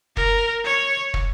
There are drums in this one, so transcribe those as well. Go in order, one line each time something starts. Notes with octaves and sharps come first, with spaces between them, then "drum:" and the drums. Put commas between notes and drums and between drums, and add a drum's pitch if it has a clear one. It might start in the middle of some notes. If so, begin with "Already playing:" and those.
A#4, drum: kick
C#5
drum: kick